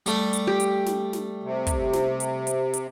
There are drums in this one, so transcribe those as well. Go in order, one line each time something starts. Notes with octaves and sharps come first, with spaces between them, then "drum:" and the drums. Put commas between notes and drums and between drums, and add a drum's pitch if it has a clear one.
G3 A3, drum: hi-hat
drum: hi-hat
G4
drum: hi-hat
drum: snare
drum: snare
C3
drum: kick, hi-hat
drum: snare
drum: hi-hat
drum: hi-hat
drum: hi-hat